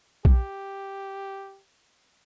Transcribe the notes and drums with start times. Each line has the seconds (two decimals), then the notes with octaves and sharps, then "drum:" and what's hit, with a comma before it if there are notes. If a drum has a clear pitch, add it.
0.25 G4, drum: kick